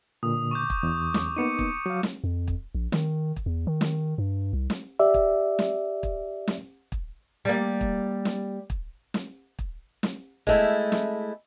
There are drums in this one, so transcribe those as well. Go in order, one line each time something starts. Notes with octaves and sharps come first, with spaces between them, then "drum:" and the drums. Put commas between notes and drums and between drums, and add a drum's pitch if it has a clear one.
A#2 D3 D#6
C#6 D6 G6
drum: kick
E2
drum: snare
A#3 B3 D#4 D6 C#7 D#7
drum: kick
F#3 F5
drum: snare
F2
drum: kick
A#1
D#3, drum: snare
drum: kick
E2
D#3
drum: snare
G2
C2
drum: snare
G4 D5 E5
drum: kick
drum: snare
drum: kick
drum: snare
drum: kick
G3 A#3
drum: kick
drum: snare
drum: kick
drum: snare
drum: kick
drum: snare
G#3 A3 E4, drum: kick
drum: snare